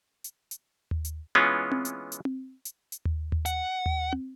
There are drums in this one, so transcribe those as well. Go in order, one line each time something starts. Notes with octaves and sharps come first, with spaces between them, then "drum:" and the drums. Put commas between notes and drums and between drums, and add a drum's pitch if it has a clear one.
drum: hi-hat
drum: hi-hat
drum: tom D#2
drum: hi-hat
E3 G#3 B3 C#4 F4
drum: tom C4
drum: hi-hat
drum: hi-hat
drum: tom C4
drum: hi-hat
drum: hi-hat
drum: tom D#2
drum: tom D#2
F#5, drum: hi-hat
drum: tom D#2
drum: tom C4